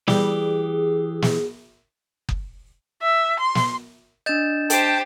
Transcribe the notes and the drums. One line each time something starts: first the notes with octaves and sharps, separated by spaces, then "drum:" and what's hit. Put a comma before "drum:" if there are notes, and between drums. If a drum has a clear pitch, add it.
E3 G3 G4 G#4, drum: snare
drum: snare
drum: kick F#1
E5
C6
drum: snare
D4 D#5 G6 A6 E7
G4 C5 G5 A5, drum: hi-hat